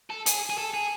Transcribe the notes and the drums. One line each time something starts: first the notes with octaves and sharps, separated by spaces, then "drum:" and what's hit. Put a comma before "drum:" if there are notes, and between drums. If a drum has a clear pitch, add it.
A4
G#4, drum: hi-hat
G#4
A4
G#4